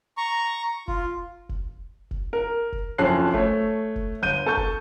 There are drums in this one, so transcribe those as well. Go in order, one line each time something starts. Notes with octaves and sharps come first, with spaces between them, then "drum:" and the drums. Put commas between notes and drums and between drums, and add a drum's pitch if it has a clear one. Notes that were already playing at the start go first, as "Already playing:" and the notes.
A#5 C#6
F4, drum: kick
drum: kick
drum: kick
A#4
drum: kick
F#1 F2 C#4 A4 F#6 C7
A3 C#5, drum: kick
drum: kick
G1 G6 D#7
A4 A5 C#6 G6
drum: kick